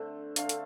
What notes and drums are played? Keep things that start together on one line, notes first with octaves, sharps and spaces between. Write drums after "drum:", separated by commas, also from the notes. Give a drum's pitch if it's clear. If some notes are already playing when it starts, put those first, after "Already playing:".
Already playing: D3 A3 C4
D3 A3 C4 F5, drum: hi-hat
drum: hi-hat